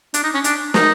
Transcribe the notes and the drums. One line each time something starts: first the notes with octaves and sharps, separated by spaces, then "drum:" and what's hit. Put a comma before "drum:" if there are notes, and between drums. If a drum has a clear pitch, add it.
D4, drum: hi-hat
D#4
C#4
D4, drum: hi-hat
D#4, drum: snare